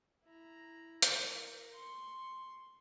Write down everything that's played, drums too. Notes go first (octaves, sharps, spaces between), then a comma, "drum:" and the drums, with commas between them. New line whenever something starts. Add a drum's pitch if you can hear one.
E4 A#5
A#4, drum: hi-hat
C6 C#6